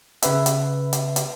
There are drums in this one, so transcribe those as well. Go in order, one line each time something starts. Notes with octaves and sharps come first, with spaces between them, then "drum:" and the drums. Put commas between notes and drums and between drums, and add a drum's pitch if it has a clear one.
C#3 B4 E5, drum: hi-hat
drum: hi-hat
drum: hi-hat
drum: hi-hat